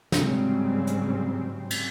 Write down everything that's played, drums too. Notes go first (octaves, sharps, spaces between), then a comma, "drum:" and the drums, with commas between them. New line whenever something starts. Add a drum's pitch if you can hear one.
G#2 C#3 F#3 G3 C4, drum: snare
drum: hi-hat
drum: cymbal